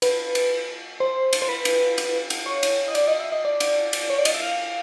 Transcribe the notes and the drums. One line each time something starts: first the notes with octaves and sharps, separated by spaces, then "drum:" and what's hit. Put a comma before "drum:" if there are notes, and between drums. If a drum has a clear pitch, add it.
B4, drum: cymbal
drum: cymbal
C5
drum: cymbal
C5
B4
drum: cymbal
drum: cymbal
drum: cymbal
C#5
drum: cymbal
D#5
D5, drum: cymbal
D#5
E5
D#5
D5
drum: cymbal
drum: cymbal
C#5
D5
D#5, drum: cymbal
E5
F5